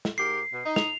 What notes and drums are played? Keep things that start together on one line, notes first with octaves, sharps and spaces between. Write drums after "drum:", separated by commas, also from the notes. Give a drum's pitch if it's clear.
drum: snare
G#2 G4 A#4 C7
B2
D#4
F7, drum: snare